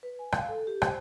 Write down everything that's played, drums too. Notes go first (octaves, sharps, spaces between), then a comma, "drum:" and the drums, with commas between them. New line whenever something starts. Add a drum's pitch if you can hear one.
B4
G#5
F5, drum: rim click
A4
G4
C5, drum: rim click